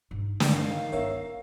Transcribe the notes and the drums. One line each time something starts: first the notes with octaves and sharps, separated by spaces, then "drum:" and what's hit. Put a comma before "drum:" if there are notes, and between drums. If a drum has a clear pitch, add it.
G2 D#4
drum: snare
D#3 F5
G1 B3 A#4 C#5 E5